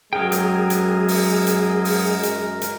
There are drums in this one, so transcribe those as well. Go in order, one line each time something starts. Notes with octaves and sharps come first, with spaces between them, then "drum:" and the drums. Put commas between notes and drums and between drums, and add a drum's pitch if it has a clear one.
F#2 F#3 G#3 G#4 A#4 G5
drum: hi-hat
drum: hi-hat
drum: open hi-hat
drum: hi-hat
drum: open hi-hat
drum: hi-hat
drum: hi-hat